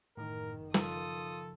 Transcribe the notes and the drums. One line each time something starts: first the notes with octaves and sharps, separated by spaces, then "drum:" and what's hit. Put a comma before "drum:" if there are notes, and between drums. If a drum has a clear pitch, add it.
F#1 A2 D#3 A#4
C#3 F3 F4 A4 D#6, drum: snare